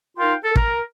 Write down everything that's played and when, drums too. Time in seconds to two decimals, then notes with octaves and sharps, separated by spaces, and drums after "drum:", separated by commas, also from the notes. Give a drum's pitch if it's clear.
0.18 D#4 F4 A#4 F5 G5 C6
0.44 A4
0.56 A#4, drum: kick